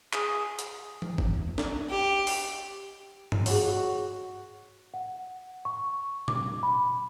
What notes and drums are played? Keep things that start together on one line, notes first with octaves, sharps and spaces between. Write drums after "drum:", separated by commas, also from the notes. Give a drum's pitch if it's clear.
G#4, drum: clap
drum: hi-hat
drum: tom E3
drum: kick F#1
drum: snare
G4
drum: open hi-hat
drum: tom G2
F#4 G#4 C#5, drum: open hi-hat
F#5
C#6
D6, drum: tom A#2
B5